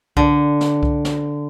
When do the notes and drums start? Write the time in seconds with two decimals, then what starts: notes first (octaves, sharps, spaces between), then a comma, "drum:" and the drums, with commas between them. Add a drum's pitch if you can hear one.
0.17 D3, drum: kick C2
0.61 drum: snare
0.83 drum: kick C2
1.05 drum: snare